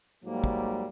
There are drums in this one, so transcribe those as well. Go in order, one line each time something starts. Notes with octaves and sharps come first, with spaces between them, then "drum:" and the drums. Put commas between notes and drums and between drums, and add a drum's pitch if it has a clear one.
G#2 F#3 G3 A#3
drum: kick